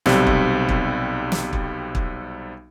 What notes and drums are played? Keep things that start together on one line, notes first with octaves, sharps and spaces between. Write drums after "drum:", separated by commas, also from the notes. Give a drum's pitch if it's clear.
B1 C3 G3, drum: snare
drum: kick
drum: kick
drum: snare
drum: kick
drum: kick